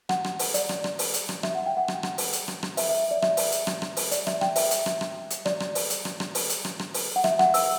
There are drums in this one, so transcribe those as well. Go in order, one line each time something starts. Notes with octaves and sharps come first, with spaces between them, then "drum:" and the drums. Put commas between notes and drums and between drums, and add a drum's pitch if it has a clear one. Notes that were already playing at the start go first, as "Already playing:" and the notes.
F#5, drum: rim click
drum: rim click
drum: open hi-hat
D5, drum: hi-hat
drum: rim click
drum: rim click
drum: open hi-hat
drum: hi-hat
drum: rim click
E5, drum: rim click
F#5
G5
F#5
drum: rim click
drum: rim click
drum: open hi-hat
drum: hi-hat
drum: rim click
drum: rim click
E5, drum: open hi-hat
E5
E5
D5
E5, drum: rim click
drum: open hi-hat
drum: hi-hat
drum: rim click
drum: rim click
drum: open hi-hat
D5, drum: hi-hat
E5, drum: rim click
G5, drum: rim click
E5, drum: open hi-hat
drum: hi-hat
drum: rim click
drum: rim click
drum: hi-hat
D5, drum: rim click
drum: rim click
drum: open hi-hat
drum: hi-hat
drum: rim click
drum: rim click
drum: open hi-hat
drum: hi-hat
drum: rim click
drum: rim click
drum: open hi-hat
F#5
E5, drum: rim click
F#5, drum: rim click
E6, drum: open hi-hat